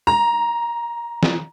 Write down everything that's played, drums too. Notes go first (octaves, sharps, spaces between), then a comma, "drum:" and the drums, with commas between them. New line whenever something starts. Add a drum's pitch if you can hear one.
A#5
drum: snare